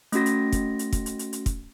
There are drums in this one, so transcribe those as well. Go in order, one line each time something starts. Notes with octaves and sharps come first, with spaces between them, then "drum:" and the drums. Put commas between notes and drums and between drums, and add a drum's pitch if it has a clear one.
A3 C#4 F#4 A#6, drum: hi-hat
drum: hi-hat
drum: kick, hi-hat
drum: hi-hat
drum: kick, hi-hat
drum: hi-hat
drum: hi-hat
drum: hi-hat
drum: kick, hi-hat